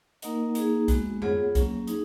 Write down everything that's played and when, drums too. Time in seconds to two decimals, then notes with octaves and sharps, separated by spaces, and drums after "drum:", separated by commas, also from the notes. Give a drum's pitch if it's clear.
0.22 A#3 D#4 A#4 D#5 F#5, drum: hi-hat
0.55 A#3 D#4 G#4, drum: hi-hat
0.88 G#3 B3 F#4, drum: kick B1, hi-hat
1.22 B3 F4 G#4 C#5 F#5, drum: tom F2
1.55 F#3 A#3 C#4, drum: kick B1, hi-hat
1.88 D#4 G#4, drum: hi-hat